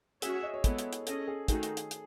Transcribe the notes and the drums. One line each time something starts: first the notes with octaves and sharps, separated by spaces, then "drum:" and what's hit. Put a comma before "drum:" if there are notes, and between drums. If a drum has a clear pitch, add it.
C#4 F#4 G#4 C#5 E5, drum: hi-hat
D#5
C#5
G#3 B3 E4 A4, drum: kick, hi-hat
drum: hi-hat
drum: hi-hat
C#4 G#4 A4 D#5, drum: hi-hat
G#4
D#3 A3 D#4 F#4 G#4 A4, drum: kick, hi-hat
drum: hi-hat
drum: hi-hat
drum: hi-hat